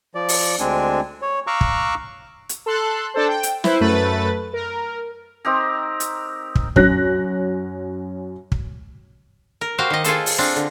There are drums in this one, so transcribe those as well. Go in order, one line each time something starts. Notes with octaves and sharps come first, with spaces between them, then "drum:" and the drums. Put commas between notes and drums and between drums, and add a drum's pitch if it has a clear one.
F3 D5
drum: open hi-hat
D2 G#3 C4 D4 G#5
C#5
F5 A#5 C#6 D6 E6 F#6
drum: kick
drum: hi-hat
A4 C6 F#6
D4 A4 C5
G5
drum: hi-hat
E4 B4 C5, drum: snare
F#2 A3 B4 A6
A#4
C4 D#4 G4 A#4
drum: hi-hat
drum: kick
F#2 C#4 F#6 A#6, drum: kick
drum: kick
A#4
F#4 G4 C5 F5
D#3 D#5
F4 G#4 A4 C5, drum: hi-hat
drum: open hi-hat
C4 D4 F4
D3